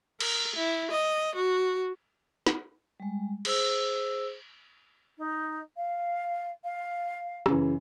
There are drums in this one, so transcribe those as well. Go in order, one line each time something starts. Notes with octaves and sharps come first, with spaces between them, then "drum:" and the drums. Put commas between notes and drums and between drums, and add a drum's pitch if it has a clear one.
A#4, drum: cymbal
E4
D#5
F#4
drum: snare
G3 G#3
G#4 C5 E6, drum: cymbal
D#4
F5
F5
F#2 C#3 E3, drum: rim click